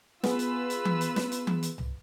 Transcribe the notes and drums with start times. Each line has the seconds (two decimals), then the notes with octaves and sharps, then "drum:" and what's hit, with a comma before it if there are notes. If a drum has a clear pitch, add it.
0.24 B3 F4 G#4 B4 E6, drum: snare
0.39 drum: hi-hat
0.70 drum: hi-hat
0.85 drum: tom E3
1.01 drum: hi-hat
1.16 drum: snare
1.32 drum: hi-hat
1.47 drum: tom E3
1.63 drum: hi-hat
1.78 drum: tom C2